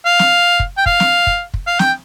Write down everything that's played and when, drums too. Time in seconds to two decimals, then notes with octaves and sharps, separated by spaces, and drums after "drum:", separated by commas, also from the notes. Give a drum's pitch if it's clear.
0.05 F5
0.19 drum: snare
0.60 drum: kick
0.77 G5
0.86 F5, drum: kick
1.00 drum: snare
1.27 drum: kick
1.54 drum: kick
1.67 F5
1.79 G5, drum: snare